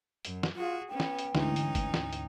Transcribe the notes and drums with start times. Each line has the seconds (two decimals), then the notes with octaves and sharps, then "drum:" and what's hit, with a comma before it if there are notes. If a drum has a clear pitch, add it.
0.25 F#2, drum: hi-hat
0.43 drum: snare
0.55 F4 F#4 G#4
0.89 B3 C#4 G5
1.00 drum: snare
1.19 drum: hi-hat
1.35 D2 G#2 E3 C#4 D#4, drum: snare
1.56 drum: hi-hat
1.75 drum: kick, hi-hat
1.94 drum: snare
2.13 drum: hi-hat